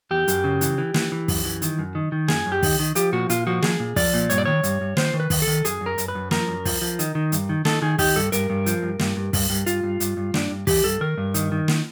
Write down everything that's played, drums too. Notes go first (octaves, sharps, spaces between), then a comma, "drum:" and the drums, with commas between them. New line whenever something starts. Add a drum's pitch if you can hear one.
E2 G4
F#2, drum: hi-hat
C#3
E3, drum: hi-hat
E3
E3, drum: snare
E3
F#2, drum: kick, open hi-hat
E3
D#3, drum: hi-hat
F#2
D#3
D#3
F#2 G#4, drum: snare
F#2
G4
D#3, drum: kick, open hi-hat
D#3
F3 G4, drum: hi-hat
A#2 F#4
A#2 F4, drum: hi-hat
F3 F#4
F3 G#4, drum: snare
A#2
F3 D5, drum: kick, open hi-hat
A#2
G2 C#5, drum: hi-hat
D5
D#3 C#5
G2, drum: hi-hat
G2
D#3 C5, drum: snare
D#3
B4
D#3, drum: kick, open hi-hat
A4
D#3
F#2 G#4, drum: hi-hat
F#2
A#4
F#2, drum: hi-hat
B4
F#2
F3 A#4, drum: snare
F#2
F3, drum: kick, open hi-hat
F3
D#3, drum: hi-hat
D#3
G2, drum: hi-hat
D#3
D#3 A4, drum: snare
D#3 G#4
D#3 G4, drum: kick, open hi-hat
G2 A4
G2 A#4, drum: hi-hat
G2
F3, drum: hi-hat
G2
G2, drum: snare
G2
G2, drum: kick, open hi-hat
G2
G2 F4, drum: hi-hat
G2
G2, drum: hi-hat
G2
G2 D4, drum: snare
G2
E3 G4, drum: kick, open hi-hat
G2 A4
D#3 A#4
G2
D#3, drum: hi-hat
D#3
drum: snare